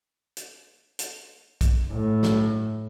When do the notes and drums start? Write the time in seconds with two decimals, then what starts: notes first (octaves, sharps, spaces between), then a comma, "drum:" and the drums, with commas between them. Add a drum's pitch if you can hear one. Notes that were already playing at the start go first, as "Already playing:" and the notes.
0.37 drum: hi-hat
0.99 drum: hi-hat
1.61 drum: kick, hi-hat
1.92 A2
2.23 drum: snare